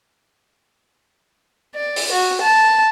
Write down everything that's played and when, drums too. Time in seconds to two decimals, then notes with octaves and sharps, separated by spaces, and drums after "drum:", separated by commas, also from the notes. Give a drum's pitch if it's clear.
1.75 D5
1.96 drum: open hi-hat
2.12 F#4
2.42 A5